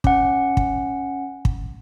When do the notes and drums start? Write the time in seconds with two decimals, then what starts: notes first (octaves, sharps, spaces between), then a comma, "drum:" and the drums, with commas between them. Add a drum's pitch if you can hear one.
0.04 C#4 F#5, drum: kick
0.57 drum: kick
1.45 drum: kick